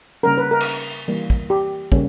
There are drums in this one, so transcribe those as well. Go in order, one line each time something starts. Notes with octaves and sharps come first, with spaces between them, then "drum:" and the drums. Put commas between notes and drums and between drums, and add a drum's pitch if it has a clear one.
C#3 G3 A#3 C#4 A#4
B4
A#4
drum: cymbal
E3 G3 A#3
drum: kick
G4
C#3 G3 A#3 C#4, drum: kick